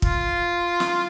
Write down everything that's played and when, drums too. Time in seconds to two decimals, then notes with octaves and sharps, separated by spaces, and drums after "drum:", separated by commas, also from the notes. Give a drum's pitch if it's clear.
0.02 F4, drum: kick
0.80 drum: snare